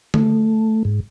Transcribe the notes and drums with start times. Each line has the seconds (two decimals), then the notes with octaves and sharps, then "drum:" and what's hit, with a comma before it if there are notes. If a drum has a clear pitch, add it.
0.14 A3, drum: tom D3
0.85 G#2